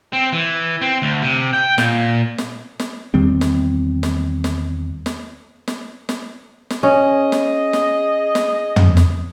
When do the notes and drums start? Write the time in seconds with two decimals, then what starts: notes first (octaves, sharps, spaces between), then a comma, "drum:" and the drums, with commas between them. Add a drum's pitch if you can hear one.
0.13 C4
0.33 E3
0.82 C4
1.02 D2
1.22 C3
1.53 G5
1.78 A#2, drum: snare
2.38 drum: snare
2.80 drum: snare
3.14 E2 D#3 G3 C4
3.41 drum: snare
4.03 drum: snare
4.44 drum: snare
5.06 drum: snare
5.68 drum: snare
6.09 drum: snare
6.70 drum: snare
6.83 C#4 G#4 D#5
7.32 drum: snare
7.73 drum: snare
8.35 drum: snare
8.76 drum: tom
8.97 drum: snare